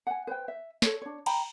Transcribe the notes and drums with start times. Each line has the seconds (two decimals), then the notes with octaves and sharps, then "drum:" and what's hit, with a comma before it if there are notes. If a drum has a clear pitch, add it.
0.07 F#5 G#5
0.27 B4 C5 G5
0.48 E5
0.82 A4 C#5, drum: snare
1.02 D4 C#5
1.26 G5 A#5 B5, drum: cymbal